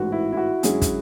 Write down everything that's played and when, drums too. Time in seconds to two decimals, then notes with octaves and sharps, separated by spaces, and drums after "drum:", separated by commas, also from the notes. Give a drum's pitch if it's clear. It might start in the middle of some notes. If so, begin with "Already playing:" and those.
Already playing: A1 G#2 E3 A3 F#4
0.12 E4
0.32 E4
0.37 F#4
0.63 F#2 D3 G#3 C#4 G#4, drum: hi-hat
0.82 drum: kick, hi-hat